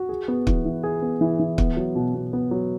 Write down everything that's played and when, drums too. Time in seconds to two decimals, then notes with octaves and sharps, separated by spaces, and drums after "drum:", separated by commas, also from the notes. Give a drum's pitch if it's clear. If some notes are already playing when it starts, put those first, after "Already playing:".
Already playing: F#4
0.09 G#4
0.28 B3
0.47 E3, drum: kick
0.65 E3
0.83 G#4
1.02 B3
1.21 E3
1.39 E3
1.58 B3, drum: kick
1.77 F#3
1.95 B2
2.15 B2
2.33 B3
2.51 F#3